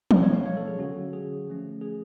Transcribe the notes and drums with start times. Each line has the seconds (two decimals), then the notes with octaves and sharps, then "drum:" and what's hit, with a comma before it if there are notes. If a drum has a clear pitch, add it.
0.11 B2 G#3 C#4, drum: tom
0.23 C#5
0.34 F5
0.46 C#5
0.57 A4
0.68 G#4
0.79 D3 F#3 C#4 F#4
1.13 G#4
1.48 F3 A3 C#4
1.81 G#4